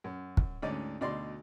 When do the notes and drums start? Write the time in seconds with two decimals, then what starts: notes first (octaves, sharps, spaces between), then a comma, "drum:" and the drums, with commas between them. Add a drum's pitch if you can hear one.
0.04 F#2
0.37 drum: kick
0.62 D2 G#2 C#4 D5
1.01 D2 B2 D#4 D5 D#5 C6